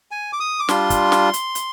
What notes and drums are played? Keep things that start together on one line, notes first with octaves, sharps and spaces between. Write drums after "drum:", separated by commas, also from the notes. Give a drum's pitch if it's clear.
G#5
D6
D#6
D6
G3 D4 F4 C6, drum: snare
drum: kick, hi-hat
drum: snare
drum: hi-hat
drum: hi-hat